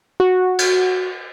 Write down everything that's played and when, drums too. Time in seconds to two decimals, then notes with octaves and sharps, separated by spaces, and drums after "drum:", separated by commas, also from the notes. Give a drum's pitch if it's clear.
0.20 F#4
0.58 drum: cymbal